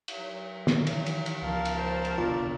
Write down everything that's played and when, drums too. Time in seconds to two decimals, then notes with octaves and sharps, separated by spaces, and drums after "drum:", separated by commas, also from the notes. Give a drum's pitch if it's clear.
0.08 drum: cymbal
0.19 F#3
0.67 D#3 E3, drum: snare
0.87 drum: cymbal
1.06 drum: cymbal
1.26 drum: cymbal
1.42 C#2 F3 A#4 F5 A5
1.65 drum: cymbal
1.78 C5
2.05 drum: cymbal
2.18 F1 B2 D3 F4 D5